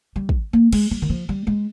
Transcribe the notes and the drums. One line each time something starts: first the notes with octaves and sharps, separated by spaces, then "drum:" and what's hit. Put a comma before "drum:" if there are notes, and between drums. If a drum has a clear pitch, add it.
G3
drum: kick
A#3
G#3, drum: cymbal
G3
D#3
F3
G3
G#3